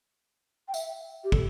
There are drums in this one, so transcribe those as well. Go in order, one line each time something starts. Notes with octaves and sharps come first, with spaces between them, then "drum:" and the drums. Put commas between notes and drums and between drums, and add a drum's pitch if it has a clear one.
G5
E5, drum: tambourine
G4
A4, drum: kick